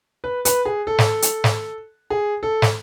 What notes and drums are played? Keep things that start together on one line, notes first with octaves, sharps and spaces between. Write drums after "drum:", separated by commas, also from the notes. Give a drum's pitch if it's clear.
B4
B4, drum: hi-hat
G#4
A4
drum: snare
drum: hi-hat
drum: snare
G#4
A4
drum: snare